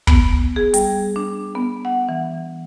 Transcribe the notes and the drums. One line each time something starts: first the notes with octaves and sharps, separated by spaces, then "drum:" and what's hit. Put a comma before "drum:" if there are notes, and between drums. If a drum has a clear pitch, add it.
B3, drum: kick
G#4
G3, drum: hi-hat
D4
B3
F#5
E3